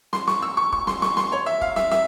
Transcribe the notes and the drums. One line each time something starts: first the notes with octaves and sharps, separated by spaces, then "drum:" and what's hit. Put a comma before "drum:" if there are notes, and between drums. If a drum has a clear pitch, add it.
C6, drum: snare
C#6, drum: snare
E6
C#6
C#6, drum: kick
C6, drum: snare
C#6, drum: snare
C6, drum: snare
C#5
E5
F5, drum: kick
E5, drum: snare
E5, drum: snare